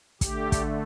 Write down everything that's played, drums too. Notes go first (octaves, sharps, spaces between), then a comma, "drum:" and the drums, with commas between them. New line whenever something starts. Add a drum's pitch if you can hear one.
D3 A3 G4, drum: kick, hi-hat
drum: kick, hi-hat